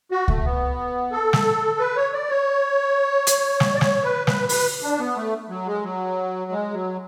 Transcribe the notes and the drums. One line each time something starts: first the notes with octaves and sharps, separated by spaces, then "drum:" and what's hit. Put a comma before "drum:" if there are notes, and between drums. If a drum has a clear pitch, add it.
F#4
A3, drum: kick C#2
B3
A4
drum: snare
B4
C#5
D5
C#5
drum: hi-hat
drum: snare
D5
C#5, drum: snare
B4
B4, drum: snare
B4, drum: open hi-hat
D4
B3
A3
F#3
G#3
F#3
G#3
F#3